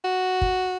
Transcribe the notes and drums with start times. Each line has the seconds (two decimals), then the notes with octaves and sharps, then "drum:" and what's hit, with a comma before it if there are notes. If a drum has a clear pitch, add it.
0.04 F#4
0.41 drum: kick